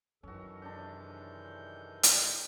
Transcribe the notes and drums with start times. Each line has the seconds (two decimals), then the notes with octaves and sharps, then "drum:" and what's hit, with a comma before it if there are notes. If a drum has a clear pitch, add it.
0.23 F#2 D#3 E3 C#4 F#4 A4
0.62 C3 G#3 C#4 D4 G6
2.03 drum: hi-hat